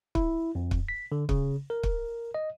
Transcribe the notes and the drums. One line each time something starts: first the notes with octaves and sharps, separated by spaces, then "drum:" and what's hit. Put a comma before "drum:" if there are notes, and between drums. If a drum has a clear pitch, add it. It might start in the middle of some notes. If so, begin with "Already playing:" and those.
E4, drum: kick
F2
drum: kick
B6
D3
C#3, drum: kick
A#4
drum: kick
D#5